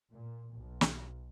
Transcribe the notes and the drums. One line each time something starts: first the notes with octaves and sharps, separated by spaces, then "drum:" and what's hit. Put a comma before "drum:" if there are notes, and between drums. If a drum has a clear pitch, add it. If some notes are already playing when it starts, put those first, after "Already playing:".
A#2
B1
drum: snare